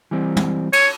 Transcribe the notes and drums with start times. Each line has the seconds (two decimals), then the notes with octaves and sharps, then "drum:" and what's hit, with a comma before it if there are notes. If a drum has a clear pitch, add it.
0.11 E3 G3 C4
0.37 drum: tom
0.73 C#5, drum: cymbal